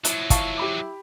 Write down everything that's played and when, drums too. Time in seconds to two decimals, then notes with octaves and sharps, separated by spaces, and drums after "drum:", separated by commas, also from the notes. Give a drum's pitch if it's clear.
0.05 F3 F#3 E4, drum: hi-hat
0.30 F5 A5 C#6, drum: kick, hi-hat
0.57 G4 B5 D6